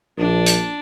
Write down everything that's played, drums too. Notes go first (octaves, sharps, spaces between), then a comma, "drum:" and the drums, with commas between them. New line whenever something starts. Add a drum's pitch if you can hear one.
A#1 D4
drum: hi-hat